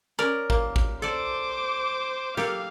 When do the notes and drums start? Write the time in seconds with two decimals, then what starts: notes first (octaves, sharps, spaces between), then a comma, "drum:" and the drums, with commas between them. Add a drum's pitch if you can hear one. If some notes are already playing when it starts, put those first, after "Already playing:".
0.19 C#4 A#4 D5
0.50 A#3, drum: kick
0.76 drum: kick
1.02 A4 C5 D5 A5 D6
2.37 A#3 G4 A4 F5, drum: snare